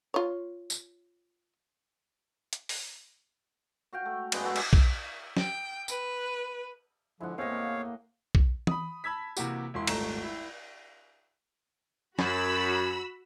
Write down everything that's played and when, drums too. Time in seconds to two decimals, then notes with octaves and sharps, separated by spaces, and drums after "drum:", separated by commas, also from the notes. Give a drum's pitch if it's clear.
0.14 F4 C#5
0.70 drum: tambourine
2.53 drum: hi-hat
2.69 drum: open hi-hat
3.93 F#4 F5 G5
4.06 A3
4.32 F#2 G#3 B3, drum: cymbal
4.45 F#4 G#4 A4 C#5
4.56 drum: cymbal
4.73 drum: kick B1
5.37 G5, drum: snare
5.88 B4, drum: tambourine
7.20 D3 F3 G#3 E4 F#5
7.38 E2 A2 A#3 C4 C#5 D#5 F5
8.35 drum: kick B1
8.67 B5 D#6, drum: tom
9.04 A5 B5 E6 G#6 B6
9.37 C3 E3 A#3 F#4 G4, drum: tambourine
9.74 E1 E4 C6
9.87 D#1 G#1 A3 A#5 E7, drum: cymbal
10.23 E4
12.19 F#2 F#4 B5 E6, drum: snare